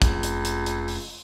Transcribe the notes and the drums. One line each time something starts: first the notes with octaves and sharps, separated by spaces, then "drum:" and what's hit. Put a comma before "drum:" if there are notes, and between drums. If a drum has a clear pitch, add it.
F1 C#2, drum: kick, hi-hat
drum: hi-hat
drum: hi-hat
drum: hi-hat
drum: open hi-hat